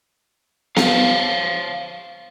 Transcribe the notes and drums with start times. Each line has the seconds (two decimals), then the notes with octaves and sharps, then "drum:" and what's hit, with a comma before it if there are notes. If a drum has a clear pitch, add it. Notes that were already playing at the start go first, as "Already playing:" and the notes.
0.76 C5 C#5 F5, drum: snare B3